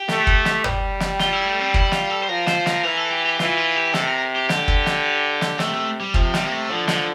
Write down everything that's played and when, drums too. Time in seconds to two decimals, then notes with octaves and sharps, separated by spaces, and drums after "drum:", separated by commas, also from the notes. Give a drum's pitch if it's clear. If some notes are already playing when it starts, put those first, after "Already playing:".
Already playing: G4
0.08 A3, drum: snare
0.27 drum: kick
0.45 drum: snare
0.64 G3, drum: tom
1.00 drum: snare
1.19 F4, drum: snare
1.33 E4
1.46 A3
1.60 C4
1.74 E4, drum: kick
1.92 F4, drum: snare
2.10 A4
2.23 C5
2.29 F3 A#4
2.47 C5, drum: snare
2.66 A#4, drum: snare
2.84 E3 A#4
2.97 A4
3.11 G4
3.26 G4
3.39 E3 F4, drum: snare
3.58 F4
3.76 G4
3.94 C3 A4, drum: snare
4.08 A#4
4.36 G4
4.49 D3 G4, drum: snare
4.68 drum: kick
4.86 drum: snare
5.41 drum: snare
5.59 C3 A3, drum: snare
5.74 A3
6.01 G3
6.14 C3 F3, drum: kick
6.34 G3, drum: snare
6.46 A#3
6.52 A3
6.70 D3 F3
6.88 F3, drum: snare